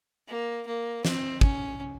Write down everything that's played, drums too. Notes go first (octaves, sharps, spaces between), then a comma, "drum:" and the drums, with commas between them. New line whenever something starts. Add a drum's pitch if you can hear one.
A#3
A#3
C4, drum: snare
C#4, drum: kick